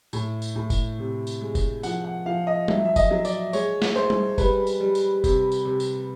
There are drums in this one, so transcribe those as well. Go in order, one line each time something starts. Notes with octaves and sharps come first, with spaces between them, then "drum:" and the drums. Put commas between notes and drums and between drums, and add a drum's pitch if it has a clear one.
A2, drum: tambourine
drum: tambourine
A2
drum: kick F1, tambourine
C3
drum: tambourine
G#3
drum: kick F1, tambourine
F3 F#5, drum: tambourine
F#5
F3 F5
D#5
F#3 E5, drum: tom G3
E5
D#5, drum: kick F1, tambourine
F#3
D5, drum: tambourine
G#3 C#5, drum: tambourine
drum: snare
G#3 C5
drum: tom G3
G3 B4, drum: kick F1, tambourine
drum: tambourine
G3
drum: tambourine
C3, drum: kick F1, tambourine
drum: tambourine
C3
drum: tambourine